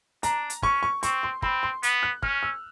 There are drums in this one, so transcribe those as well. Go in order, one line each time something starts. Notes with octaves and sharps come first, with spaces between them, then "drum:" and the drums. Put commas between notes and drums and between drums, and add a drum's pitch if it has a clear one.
D4 A#5, drum: hi-hat
drum: hi-hat
C#4 C#6, drum: kick
C#6
C4 C#6, drum: hi-hat
C6
C4 B5, drum: kick
C6
B3, drum: hi-hat
F#6
C#4 F6, drum: kick
E6